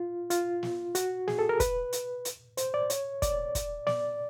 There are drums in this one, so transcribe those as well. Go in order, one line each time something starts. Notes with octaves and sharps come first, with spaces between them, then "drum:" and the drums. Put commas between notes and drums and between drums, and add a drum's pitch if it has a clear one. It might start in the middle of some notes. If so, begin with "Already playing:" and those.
Already playing: F4
F4, drum: hi-hat
drum: snare
F#4, drum: hi-hat
G#4, drum: snare
A4
A#4
B4, drum: kick, hi-hat
drum: hi-hat
drum: hi-hat
C5, drum: hi-hat
D5
C#5, drum: hi-hat
D5, drum: kick, hi-hat
drum: kick, hi-hat
D5, drum: snare